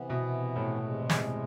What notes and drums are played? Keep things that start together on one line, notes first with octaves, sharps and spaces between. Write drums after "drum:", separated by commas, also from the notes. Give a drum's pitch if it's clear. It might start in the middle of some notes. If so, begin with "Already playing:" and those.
Already playing: C3 E3 B3
B2
A2
E2 C3 G#3
drum: snare